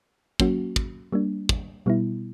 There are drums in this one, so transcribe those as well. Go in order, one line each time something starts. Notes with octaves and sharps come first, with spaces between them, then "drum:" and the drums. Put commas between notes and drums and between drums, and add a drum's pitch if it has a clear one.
F#3 A#3 C#4 F#4, drum: kick
drum: kick
G3 A#3 D4
drum: kick
B2 G3 B3 E4